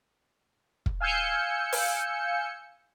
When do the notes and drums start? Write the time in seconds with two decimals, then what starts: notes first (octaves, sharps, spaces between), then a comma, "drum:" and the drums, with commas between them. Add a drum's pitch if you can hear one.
0.86 drum: kick
1.01 F5 G#5 E6 G6 C#7
1.72 drum: open hi-hat